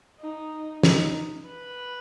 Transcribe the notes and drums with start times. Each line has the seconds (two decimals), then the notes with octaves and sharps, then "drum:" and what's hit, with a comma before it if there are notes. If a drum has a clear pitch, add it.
0.20 D#4
0.83 D#4, drum: snare
1.46 B4